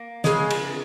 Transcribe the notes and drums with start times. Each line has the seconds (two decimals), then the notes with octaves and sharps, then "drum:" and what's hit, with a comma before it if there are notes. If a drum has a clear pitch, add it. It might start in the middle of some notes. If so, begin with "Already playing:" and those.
Already playing: A#3
0.24 C#3 G#3, drum: snare
0.50 drum: cymbal